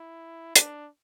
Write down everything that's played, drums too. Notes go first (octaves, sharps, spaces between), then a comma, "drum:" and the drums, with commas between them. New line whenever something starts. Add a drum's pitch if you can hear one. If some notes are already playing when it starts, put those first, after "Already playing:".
Already playing: E4
D4, drum: hi-hat